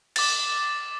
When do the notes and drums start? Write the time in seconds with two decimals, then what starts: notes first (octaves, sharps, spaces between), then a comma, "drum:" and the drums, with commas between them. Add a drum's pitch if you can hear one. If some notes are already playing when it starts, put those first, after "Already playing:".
0.16 D6 A6, drum: cymbal